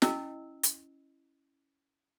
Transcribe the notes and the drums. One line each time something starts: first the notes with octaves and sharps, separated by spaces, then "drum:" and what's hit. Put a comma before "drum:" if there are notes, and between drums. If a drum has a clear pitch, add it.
C#4 E4 D#5 E6, drum: snare
drum: hi-hat